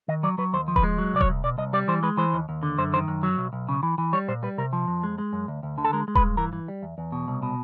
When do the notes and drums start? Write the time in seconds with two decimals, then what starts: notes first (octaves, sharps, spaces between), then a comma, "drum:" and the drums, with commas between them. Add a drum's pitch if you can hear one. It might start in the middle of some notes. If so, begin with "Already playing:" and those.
0.08 D#3 D#5
0.23 F#3 D5
0.38 F#3 B4
0.53 D#2 C5
0.68 F3
0.76 B4, drum: kick D#1
0.83 G#3
0.98 F#3
1.13 C2 D5
1.21 C#5, drum: kick D#1
1.29 C2
1.44 B2 D5
1.58 C2 D#5
1.73 G3 D5
1.88 E3 C5
2.03 G#3 B4
2.17 E3 C5
2.33 D#2
2.49 D#2
2.63 D3
2.78 F#2 C5
2.93 D#3 C5
3.08 F#2
3.23 F#3
3.38 B1
3.53 B1
3.69 C#3
3.83 E3
3.98 E3
4.13 G3 C#5
4.28 A#2 C5
4.43 G3 B4
4.58 C3 A#4
4.73 F3
4.88 F2
5.03 G#3
5.18 G#3
5.33 F#2
5.48 D2
5.63 D2
5.78 D3
5.85 A4
5.93 G#3 A#4
6.08 G#3
6.15 B4, drum: kick D#1
6.23 G2
6.37 E3 A#4
6.53 E3
6.68 G3
6.83 E2
6.98 E2
7.12 B2
7.28 C2
7.43 B2